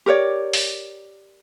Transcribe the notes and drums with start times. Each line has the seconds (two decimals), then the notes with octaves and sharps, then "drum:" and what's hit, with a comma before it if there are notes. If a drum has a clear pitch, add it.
0.06 G4 A#4 C#5 D5
0.53 drum: open hi-hat